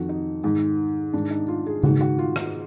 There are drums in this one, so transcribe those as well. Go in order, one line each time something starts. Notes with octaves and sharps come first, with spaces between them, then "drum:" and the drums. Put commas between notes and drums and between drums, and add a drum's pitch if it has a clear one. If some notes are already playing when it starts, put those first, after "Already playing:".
Already playing: F2 D#3 F#4
D#4
G#2 D#3
G#2 D#3 D4
D#4
F4
G#4
G#2 D#3 F#4, drum: tom C#3
F#4
F4
D#4, drum: rim click